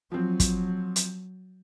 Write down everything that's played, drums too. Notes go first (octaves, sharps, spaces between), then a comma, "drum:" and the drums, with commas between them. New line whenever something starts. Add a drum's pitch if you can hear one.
F3 F#3 C4
drum: kick, hi-hat
drum: hi-hat